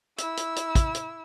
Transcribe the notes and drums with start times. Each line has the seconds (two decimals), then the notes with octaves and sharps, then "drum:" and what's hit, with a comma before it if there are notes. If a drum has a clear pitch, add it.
0.18 E4 E6, drum: hi-hat
0.37 drum: hi-hat
0.56 drum: hi-hat
0.75 drum: kick, hi-hat
0.94 drum: hi-hat